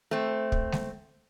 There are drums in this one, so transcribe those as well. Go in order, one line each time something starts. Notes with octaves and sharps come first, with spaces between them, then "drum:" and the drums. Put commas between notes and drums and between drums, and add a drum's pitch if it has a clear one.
A3 C4
drum: kick
drum: snare G#3